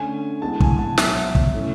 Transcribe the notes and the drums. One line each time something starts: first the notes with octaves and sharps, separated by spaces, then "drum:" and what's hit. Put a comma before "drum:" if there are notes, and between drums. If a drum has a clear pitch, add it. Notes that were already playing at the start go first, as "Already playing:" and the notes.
Already playing: D3 A3 C#4 G#5
E3 G#3 B3 A5
G#5, drum: kick
A5
B2 F#3 B3 E5, drum: snare
drum: kick
E3 A3 C#4